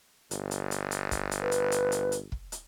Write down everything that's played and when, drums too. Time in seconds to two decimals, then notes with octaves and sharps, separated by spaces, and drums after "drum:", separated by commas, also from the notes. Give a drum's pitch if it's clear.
0.31 G1, drum: hi-hat
0.51 drum: hi-hat
0.71 drum: hi-hat
0.91 drum: hi-hat
1.11 drum: kick, hi-hat
1.31 drum: hi-hat
1.42 B4
1.52 drum: hi-hat
1.72 drum: hi-hat
1.92 drum: hi-hat
2.12 drum: hi-hat
2.32 drum: kick
2.52 drum: hi-hat